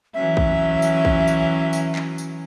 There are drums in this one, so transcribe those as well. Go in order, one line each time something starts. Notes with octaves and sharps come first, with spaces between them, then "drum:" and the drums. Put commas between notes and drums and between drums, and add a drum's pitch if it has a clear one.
E3 F#3 C#4 E5
drum: kick A#1
drum: tambourine
drum: kick A#1
drum: tambourine
drum: tambourine
drum: clap
drum: tambourine